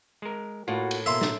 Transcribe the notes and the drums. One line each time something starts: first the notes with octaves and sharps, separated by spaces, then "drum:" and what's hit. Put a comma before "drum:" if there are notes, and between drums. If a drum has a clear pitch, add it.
G#3 A#4
A2 A#3 F4 F#4
drum: cymbal
B2 A#3 E5 F5 C6
drum: snare